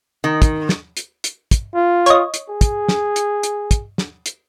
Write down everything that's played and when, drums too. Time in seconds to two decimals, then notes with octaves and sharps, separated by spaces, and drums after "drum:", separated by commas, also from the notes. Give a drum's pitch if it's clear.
0.24 D#3
0.42 drum: kick, hi-hat
0.69 drum: snare
0.97 drum: hi-hat
1.24 drum: hi-hat
1.51 drum: kick, hi-hat
1.75 F4
2.06 C#5 D#5, drum: hi-hat
2.34 drum: hi-hat
2.49 G#4
2.61 drum: kick, hi-hat
2.89 drum: snare
3.16 drum: hi-hat
3.43 drum: hi-hat
3.71 drum: kick, hi-hat
3.98 drum: snare
4.26 drum: hi-hat